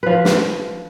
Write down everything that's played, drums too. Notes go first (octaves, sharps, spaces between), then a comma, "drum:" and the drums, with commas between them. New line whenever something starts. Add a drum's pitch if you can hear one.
F3 B4
drum: snare